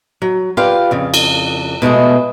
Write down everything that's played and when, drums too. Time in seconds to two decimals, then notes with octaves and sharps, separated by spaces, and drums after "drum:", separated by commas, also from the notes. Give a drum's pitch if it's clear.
0.22 F#3
0.57 F4 G4 B4 D5 F5
0.91 F2 C#3
1.14 drum: cymbal
1.82 B2 G#3 A3 G#4